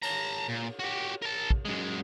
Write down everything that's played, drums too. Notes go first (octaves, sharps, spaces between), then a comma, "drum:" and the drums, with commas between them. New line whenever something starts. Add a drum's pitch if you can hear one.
A5 A#5, drum: cymbal
A#2
F#4 G4
A#4 A5
drum: kick
F#2 G#3